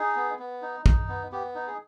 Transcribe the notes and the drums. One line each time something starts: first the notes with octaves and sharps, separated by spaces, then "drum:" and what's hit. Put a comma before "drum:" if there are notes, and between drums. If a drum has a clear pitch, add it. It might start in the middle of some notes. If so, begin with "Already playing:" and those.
Already playing: D#4 G#4
B3
B3
D#4
D#4, drum: kick
B3
B3 G4
D#4
G#4